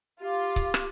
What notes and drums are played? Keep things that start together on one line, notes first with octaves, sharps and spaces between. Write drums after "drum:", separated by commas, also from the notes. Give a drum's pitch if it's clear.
F4 G4
drum: kick C#1
drum: rim click